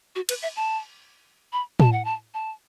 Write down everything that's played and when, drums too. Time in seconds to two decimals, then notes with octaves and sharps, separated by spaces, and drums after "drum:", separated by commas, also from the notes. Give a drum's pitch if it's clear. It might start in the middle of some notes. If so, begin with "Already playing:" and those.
0.16 F#4
0.29 B4, drum: cymbal
0.42 E5
0.56 A5
1.53 B5
1.80 A5, drum: tom A2
1.92 F#5
2.05 A5
2.34 A5